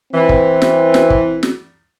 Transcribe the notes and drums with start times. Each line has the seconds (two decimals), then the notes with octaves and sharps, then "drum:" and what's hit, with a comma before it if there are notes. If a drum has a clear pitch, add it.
0.13 E3 C4
0.29 drum: kick
0.62 drum: snare
0.94 drum: snare
1.10 drum: kick
1.43 drum: snare